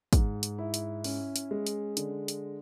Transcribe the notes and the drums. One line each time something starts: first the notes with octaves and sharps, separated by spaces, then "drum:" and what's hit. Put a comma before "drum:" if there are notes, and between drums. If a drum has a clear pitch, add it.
G#2, drum: kick, hi-hat
drum: hi-hat
E4
drum: hi-hat
C#4, drum: open hi-hat
drum: hi-hat
G#3
drum: hi-hat
D3, drum: hi-hat
drum: hi-hat